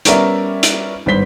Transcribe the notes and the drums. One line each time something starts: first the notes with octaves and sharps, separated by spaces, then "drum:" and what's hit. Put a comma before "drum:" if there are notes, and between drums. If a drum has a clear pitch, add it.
G3 B3 C#4 A#4 D5 E5, drum: hi-hat
drum: hi-hat
G#1 G2 B3 C5 B6 G7